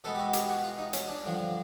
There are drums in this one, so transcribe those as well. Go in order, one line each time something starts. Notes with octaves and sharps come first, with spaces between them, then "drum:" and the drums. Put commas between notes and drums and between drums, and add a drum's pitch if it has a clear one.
B2 G#3 B3 A4
G4
F#4
G4, drum: hi-hat
F#4
F4
D#4
C#4, drum: hi-hat
D4
G2 D3 F3